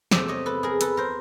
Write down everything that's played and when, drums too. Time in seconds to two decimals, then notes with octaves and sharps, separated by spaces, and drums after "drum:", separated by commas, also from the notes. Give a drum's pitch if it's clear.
0.11 E2 C3 F3 A3 D5 E5, drum: snare
0.28 C#5 D#5
0.46 A4 B4
0.63 G#4 A#4
0.81 A4 B4, drum: hi-hat
0.97 A#4 C5